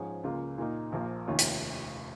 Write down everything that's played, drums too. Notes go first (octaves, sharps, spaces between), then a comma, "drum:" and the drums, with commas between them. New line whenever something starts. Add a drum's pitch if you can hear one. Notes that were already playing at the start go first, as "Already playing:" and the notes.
Already playing: G#2 F3 C#4 G#4
C#2 C#3 A#3 F4
A#2 A#3 D#4
A#1 A#2 F3 A#3
F1 D#2 D#3 C#4 F4
drum: hi-hat